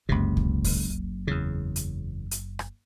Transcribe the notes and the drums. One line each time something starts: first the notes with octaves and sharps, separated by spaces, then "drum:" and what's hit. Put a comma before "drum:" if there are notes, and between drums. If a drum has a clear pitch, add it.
F#1 C#2 C3 F#3
drum: kick C#2
drum: kick C#2, open hi-hat
E2 C#3
drum: hi-hat
drum: hi-hat
drum: rim click